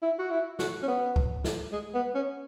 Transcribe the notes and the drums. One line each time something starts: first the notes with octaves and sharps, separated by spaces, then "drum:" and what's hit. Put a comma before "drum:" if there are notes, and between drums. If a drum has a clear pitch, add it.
E4
F#4
E4
F#4, drum: snare
C#4
B3
drum: kick C#2
drum: snare
G#3
B3
C#4